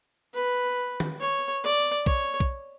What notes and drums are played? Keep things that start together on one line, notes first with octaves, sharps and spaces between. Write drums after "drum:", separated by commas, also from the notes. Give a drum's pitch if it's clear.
B4
drum: tom D#3
C#5
D5
C#5, drum: kick
drum: kick